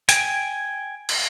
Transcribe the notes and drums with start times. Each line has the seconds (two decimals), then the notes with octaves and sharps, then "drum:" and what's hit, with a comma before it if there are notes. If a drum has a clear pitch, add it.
0.09 G5 G#5, drum: hi-hat
1.09 drum: cymbal